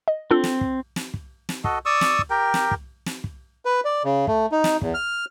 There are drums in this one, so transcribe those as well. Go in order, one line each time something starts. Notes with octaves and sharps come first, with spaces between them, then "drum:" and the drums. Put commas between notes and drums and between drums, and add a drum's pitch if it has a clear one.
D#5
C4 D4 F4 A4
drum: snare
drum: kick
drum: snare
drum: kick
drum: snare
F#4 A4 D#5, drum: kick
D5 C#6 D#6 E6
drum: snare
drum: kick
G4 A#4 G5
drum: snare
drum: kick
drum: snare
drum: kick
B4
D5
C#3
A3, drum: kick
D#4
drum: snare
E2, drum: kick
F6